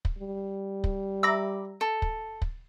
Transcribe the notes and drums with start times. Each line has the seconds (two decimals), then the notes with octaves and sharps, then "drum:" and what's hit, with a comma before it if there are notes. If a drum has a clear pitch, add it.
0.05 drum: kick
0.19 G3
0.84 drum: kick
1.23 E5 A#5 B5 D6
1.81 A4
2.02 drum: kick
2.42 drum: kick